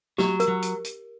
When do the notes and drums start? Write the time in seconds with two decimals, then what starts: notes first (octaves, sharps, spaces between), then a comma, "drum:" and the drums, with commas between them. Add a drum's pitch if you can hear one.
0.18 F#3 G4, drum: snare
0.40 A#4, drum: hi-hat
0.48 F#3
0.62 drum: hi-hat
0.84 drum: hi-hat